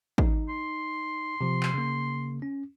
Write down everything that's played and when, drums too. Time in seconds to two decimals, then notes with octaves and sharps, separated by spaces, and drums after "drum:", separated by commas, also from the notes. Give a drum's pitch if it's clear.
0.18 D#4, drum: kick
0.49 C6
1.41 C3 F3
1.63 drum: clap
1.74 C#3 A#3
2.42 C#4